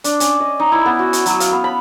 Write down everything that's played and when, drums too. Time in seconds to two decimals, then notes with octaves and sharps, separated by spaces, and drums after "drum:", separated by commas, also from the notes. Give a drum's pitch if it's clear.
0.04 D4, drum: hi-hat
0.20 C#4, drum: hi-hat
0.40 D#5
0.60 D#4
0.72 E4
0.86 B3
0.99 F#4
1.13 C#6, drum: hi-hat
1.26 F#3, drum: hi-hat
1.40 F5, drum: hi-hat
1.52 B3
1.64 B5